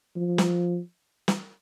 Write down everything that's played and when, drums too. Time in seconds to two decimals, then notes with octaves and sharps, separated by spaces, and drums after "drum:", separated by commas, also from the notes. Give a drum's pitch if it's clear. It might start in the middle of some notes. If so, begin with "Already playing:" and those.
0.16 F3
0.38 drum: snare
1.28 drum: snare